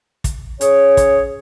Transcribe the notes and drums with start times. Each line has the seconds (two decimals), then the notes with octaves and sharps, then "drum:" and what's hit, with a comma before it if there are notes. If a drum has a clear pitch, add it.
0.24 drum: kick, hi-hat
0.61 C#4 G#4 C#5, drum: hi-hat
0.97 drum: kick, hi-hat